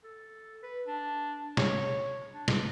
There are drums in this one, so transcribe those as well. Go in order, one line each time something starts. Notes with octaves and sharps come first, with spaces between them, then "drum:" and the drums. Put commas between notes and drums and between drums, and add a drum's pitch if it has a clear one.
A4
B4
D4
C#5, drum: snare
D4
drum: snare